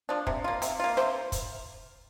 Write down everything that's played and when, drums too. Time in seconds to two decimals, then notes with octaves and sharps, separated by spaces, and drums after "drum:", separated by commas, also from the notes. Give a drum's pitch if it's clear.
0.09 F3 D4
0.27 C3, drum: kick
0.44 A#3 F4
0.62 C3, drum: hi-hat
0.80 A#3 F4
0.97 C3 C5, drum: rim click
1.32 drum: kick, hi-hat